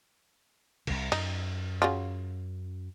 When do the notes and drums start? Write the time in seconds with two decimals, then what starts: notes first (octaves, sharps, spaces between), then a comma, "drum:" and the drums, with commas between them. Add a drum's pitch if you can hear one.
0.87 C2 C3, drum: cymbal
1.12 F#2 D#4, drum: cymbal
1.82 C#3 F#3 F4